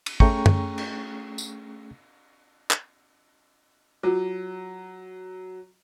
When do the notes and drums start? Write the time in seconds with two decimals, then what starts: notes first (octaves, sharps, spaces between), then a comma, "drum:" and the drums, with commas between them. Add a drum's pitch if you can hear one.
0.06 drum: cymbal
0.20 A3 C#4 G#4 G5 A#5 C#6, drum: kick
0.46 drum: tom F#2
0.78 drum: cymbal
1.38 drum: tambourine
2.71 drum: clap
4.03 F#3 F4 F#4